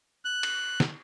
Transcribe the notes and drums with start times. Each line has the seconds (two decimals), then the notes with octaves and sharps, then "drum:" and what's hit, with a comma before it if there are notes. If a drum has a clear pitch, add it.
0.25 F#6
0.43 drum: cymbal
0.80 drum: snare